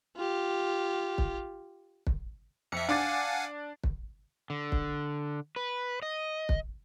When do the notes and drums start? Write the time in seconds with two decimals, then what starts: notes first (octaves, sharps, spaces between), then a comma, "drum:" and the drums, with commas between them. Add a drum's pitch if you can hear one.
0.17 F4 G4
1.18 drum: kick
2.07 drum: kick
2.72 F2 E5 C#7
2.89 D4 F5 F#5 G#5 D6 A6
3.84 drum: kick
4.50 D3
4.72 drum: kick
5.56 B4
6.02 D#5
6.49 drum: kick